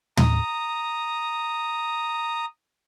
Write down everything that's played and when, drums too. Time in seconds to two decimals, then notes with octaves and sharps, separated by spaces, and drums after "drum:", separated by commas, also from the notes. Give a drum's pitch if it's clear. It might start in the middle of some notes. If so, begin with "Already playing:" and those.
0.17 A#5 D#6, drum: tom